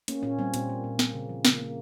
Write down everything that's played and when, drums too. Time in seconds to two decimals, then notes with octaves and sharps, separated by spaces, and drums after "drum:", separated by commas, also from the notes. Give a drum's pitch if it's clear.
0.08 A#3 C#4, drum: hi-hat
0.23 A#2 C#4
0.39 G3 C4
0.54 A#2 C4, drum: hi-hat
0.69 A#3
0.84 A#2
0.99 A#3, drum: snare
1.14 C#3
1.29 F3
1.45 C#3 A#3, drum: snare
1.61 A#3